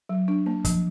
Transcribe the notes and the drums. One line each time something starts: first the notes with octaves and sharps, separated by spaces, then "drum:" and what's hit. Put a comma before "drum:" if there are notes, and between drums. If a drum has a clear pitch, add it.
F#3
D4
A#3
F3, drum: kick, hi-hat